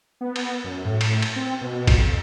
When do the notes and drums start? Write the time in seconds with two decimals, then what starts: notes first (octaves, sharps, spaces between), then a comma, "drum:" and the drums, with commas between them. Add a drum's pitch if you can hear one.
0.21 B3
0.36 drum: cymbal
0.64 F#2
0.85 A2
1.01 drum: cymbal
1.22 drum: cymbal
1.36 C4
1.61 B2
1.87 F2, drum: kick, cymbal